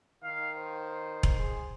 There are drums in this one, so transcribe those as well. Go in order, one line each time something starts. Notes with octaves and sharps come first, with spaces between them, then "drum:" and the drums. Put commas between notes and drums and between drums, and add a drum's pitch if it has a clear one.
D#3 F5
C5
drum: kick E1
G#4